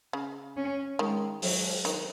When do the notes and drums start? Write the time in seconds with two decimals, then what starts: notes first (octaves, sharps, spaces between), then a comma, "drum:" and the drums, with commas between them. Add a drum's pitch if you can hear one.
0.13 C#3
0.57 C#4
0.99 D#3 G#3
1.42 F#3, drum: open hi-hat
1.85 D#3, drum: hi-hat